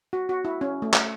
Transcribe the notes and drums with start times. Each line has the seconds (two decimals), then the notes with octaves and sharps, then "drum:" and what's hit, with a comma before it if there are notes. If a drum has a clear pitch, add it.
0.13 F#4
0.29 F#4
0.45 E4
0.61 C#4
0.82 A3
0.93 drum: clap